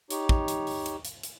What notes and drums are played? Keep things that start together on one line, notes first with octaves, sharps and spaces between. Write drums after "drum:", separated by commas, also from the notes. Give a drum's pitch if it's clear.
D#4 G4 C#5, drum: hi-hat
drum: kick
drum: hi-hat
drum: open hi-hat
drum: hi-hat
drum: hi-hat
drum: hi-hat